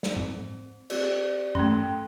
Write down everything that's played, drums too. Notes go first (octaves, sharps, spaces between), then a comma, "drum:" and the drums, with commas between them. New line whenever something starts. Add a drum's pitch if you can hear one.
drum: snare
C4, drum: tom G#2
C4 G4 D5, drum: cymbal
A3 C#4 A4 G5 C6 F#6, drum: tom G2